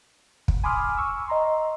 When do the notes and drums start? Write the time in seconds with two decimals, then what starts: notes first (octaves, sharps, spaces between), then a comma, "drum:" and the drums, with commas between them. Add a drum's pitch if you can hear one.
0.48 drum: kick
0.64 G#5 B5 C6 D6 D#6 F6
0.97 C#6 E6
1.28 D#5 A#5 C6